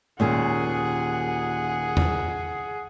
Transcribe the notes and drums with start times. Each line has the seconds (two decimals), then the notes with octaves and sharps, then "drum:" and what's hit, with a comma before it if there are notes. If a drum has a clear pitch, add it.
0.20 D#2 A#2 C#4 G#4 F#5
1.97 drum: tom E2